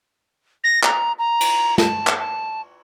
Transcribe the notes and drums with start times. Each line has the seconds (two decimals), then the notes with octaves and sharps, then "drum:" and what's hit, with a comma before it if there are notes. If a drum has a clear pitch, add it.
0.64 A#6
0.83 A#5, drum: clap
1.19 A#5
1.40 drum: cymbal
1.78 A5, drum: snare
2.07 drum: clap
2.19 A5